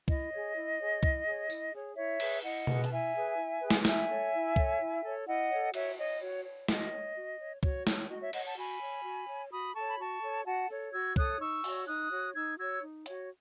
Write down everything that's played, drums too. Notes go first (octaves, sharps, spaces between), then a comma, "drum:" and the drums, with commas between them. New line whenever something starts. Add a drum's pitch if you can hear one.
E4 D#5, drum: kick C2
G#4 C#5
E4
G#4 C#5
E4, drum: kick C2
G#4 C#5
E4, drum: tambourine
G#4 C#5
E4 C#5 E5
G#4 B4, drum: cymbal
E4 D#5 F#5
G#4 B4, drum: tom B2
A5, drum: hi-hat
E4 E5 G#5
G#4 B4
E4
G#4 B4
drum: snare
E4 E5 G#5, drum: snare
A4 C#5
E4
A4 C#5, drum: kick C2
E4
A4 C#5
E4 D#5 F#5
A4 C#5
F#4 C#5 E5, drum: cymbal
C#5 D#5
F#4 C#5
C#5
F#4 D#5, drum: snare
C#5
F#4
C#5
F#4 C#5, drum: kick C2
C#5, drum: snare
F#4 D#5
C#5 E5
C#5 D#5 F#5, drum: cymbal
F#5 A5
F#4 G#5 B5
C#5
F#4
C#5
F#4 B5 D#6
A4 C#5 A5 C#6
B5
F#4 A5 C#6
A4 C#5
F#4 F#5 A5
A4 C#5
F#4 E6 G#6
A4 C#5 D#6 F#6, drum: kick C2
D#4 C#6 E6
F#4 C#5, drum: open hi-hat
D#4 D#6 F#6
F#4 C#5
D#4 E6 G#6
F#4 C#5 E6 G#6
D#4
F#4 C#5, drum: hi-hat